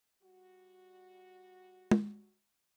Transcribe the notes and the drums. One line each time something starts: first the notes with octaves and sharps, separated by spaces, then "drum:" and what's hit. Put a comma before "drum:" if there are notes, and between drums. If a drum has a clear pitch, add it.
G3 F#4
drum: tom